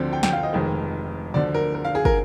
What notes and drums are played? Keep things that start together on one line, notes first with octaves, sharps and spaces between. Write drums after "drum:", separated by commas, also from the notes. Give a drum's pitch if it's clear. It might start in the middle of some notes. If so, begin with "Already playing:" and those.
Already playing: D2 D3 F3 C4
G5
G5, drum: snare
F5
D#5
F1 F2 D#3 G#3
D2 D3 F3 D5
A#4
A#4
F5
G#4
A#4, drum: kick